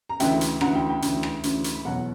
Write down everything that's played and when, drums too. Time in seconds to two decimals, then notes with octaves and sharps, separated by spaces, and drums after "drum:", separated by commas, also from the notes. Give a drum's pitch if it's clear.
0.09 A#5
0.20 D2 C#3 E3 E5 G5, drum: hi-hat
0.41 drum: hi-hat
0.61 D2 C#3 E3 F#5 A#5, drum: rim click
0.75 G5 B5
0.89 G5 B5
1.02 D2 C#3 E3, drum: hi-hat
1.23 drum: rim click
1.43 D2 C#3 E3, drum: hi-hat
1.64 drum: hi-hat
1.75 B5
1.85 E2 B2 F#3 F#5 A#5